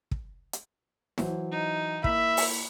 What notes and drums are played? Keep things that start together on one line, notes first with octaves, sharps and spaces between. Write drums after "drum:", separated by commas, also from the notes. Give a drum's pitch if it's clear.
drum: kick
drum: hi-hat
E3 F#3 C5, drum: snare
D#4
A#3 E4 E5 B5, drum: kick
drum: open hi-hat